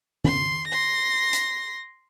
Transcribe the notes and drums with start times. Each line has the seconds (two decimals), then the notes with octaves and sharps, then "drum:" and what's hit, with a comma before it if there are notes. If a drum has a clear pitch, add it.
0.24 C6, drum: tom D#3
0.68 C6 A#6
1.33 drum: hi-hat